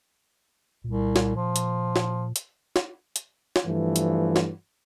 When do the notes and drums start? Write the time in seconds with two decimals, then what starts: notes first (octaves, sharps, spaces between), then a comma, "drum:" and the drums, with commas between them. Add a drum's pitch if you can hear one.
0.84 C2 A#2
1.16 drum: snare
1.36 F3
1.56 drum: hi-hat
1.96 drum: snare
2.36 drum: hi-hat
2.76 drum: snare
3.16 drum: hi-hat
3.56 drum: snare
3.65 G2 E3 F3 A3
3.96 drum: hi-hat
4.36 drum: snare